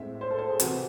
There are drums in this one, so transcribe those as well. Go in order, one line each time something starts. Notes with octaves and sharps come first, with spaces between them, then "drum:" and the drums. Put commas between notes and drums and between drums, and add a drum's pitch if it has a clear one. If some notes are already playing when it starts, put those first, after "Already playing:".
Already playing: A2 G#3 C4 E5
C5
A4
C5
G#4
C3 E3 C4 F#4, drum: hi-hat